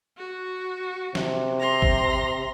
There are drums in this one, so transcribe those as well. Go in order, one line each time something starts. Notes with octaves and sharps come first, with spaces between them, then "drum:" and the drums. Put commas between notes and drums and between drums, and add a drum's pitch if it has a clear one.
F#4
C3, drum: snare
A#5 C6
drum: kick